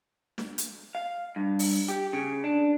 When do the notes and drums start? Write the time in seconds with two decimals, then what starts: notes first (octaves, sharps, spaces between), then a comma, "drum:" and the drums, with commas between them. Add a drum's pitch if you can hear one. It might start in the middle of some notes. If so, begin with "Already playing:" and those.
0.38 drum: snare
0.58 drum: hi-hat
0.95 F5
1.36 G2
1.59 drum: open hi-hat
1.88 G4
2.13 C#3
2.44 D4